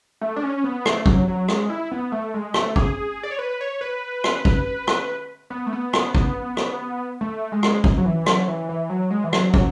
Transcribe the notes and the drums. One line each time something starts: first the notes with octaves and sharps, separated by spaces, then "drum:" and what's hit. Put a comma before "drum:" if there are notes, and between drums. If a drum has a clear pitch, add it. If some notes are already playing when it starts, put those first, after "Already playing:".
A3
D4
C#4
B3
A3, drum: rim click
F#3, drum: kick
F#3
G#3, drum: rim click
E4
B3
A3
G#3
A3, drum: rim click
G#4, drum: kick
D5
C#5
B4
C#5
B4
drum: rim click
drum: kick
drum: rim click
B3
A3
B3
drum: rim click
drum: kick
drum: rim click
A3
G#3
drum: rim click
drum: kick
F#3
E3
F#3, drum: rim click
E3
E3
F#3
G#3
E3
F#3, drum: rim click
F#3, drum: kick